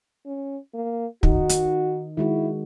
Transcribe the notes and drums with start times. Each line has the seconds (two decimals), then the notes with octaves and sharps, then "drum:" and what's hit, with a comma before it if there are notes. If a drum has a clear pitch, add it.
0.26 C#4
0.74 A#3
1.23 D#3 D#4 F#4, drum: kick
1.49 drum: hi-hat
2.17 D#3 G#3 E4 F#4